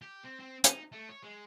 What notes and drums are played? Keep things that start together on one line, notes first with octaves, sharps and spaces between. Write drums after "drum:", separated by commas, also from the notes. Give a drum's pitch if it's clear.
G4
C4
C4
D#4, drum: hi-hat
A3
C#5
G#3